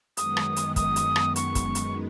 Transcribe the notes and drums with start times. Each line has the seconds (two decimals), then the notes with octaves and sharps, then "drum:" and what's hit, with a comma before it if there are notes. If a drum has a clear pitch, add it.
0.17 F#2 D#3 G#3 B3 D#6, drum: hi-hat
0.37 drum: rim click
0.56 drum: hi-hat
0.76 D#6, drum: kick, hi-hat
0.96 drum: hi-hat
1.16 drum: rim click
1.36 C#6, drum: hi-hat
1.55 drum: kick, hi-hat
1.75 drum: hi-hat